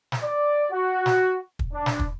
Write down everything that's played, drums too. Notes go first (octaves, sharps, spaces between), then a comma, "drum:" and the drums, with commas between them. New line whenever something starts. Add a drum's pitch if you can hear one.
drum: snare
D5
F#4
drum: snare
drum: kick
D4
drum: snare
drum: kick